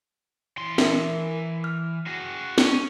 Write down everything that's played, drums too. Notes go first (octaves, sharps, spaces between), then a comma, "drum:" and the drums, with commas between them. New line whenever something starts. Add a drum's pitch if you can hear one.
E3 C6
A#4 E5, drum: snare
F6
F#4 G#4
C#4, drum: snare